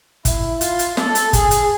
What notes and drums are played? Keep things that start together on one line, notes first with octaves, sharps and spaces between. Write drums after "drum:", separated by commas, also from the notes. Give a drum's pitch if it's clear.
E4, drum: kick, hi-hat
F4, drum: hi-hat
drum: hi-hat
A4, drum: snare
drum: hi-hat
G#4, drum: kick, hi-hat
drum: hi-hat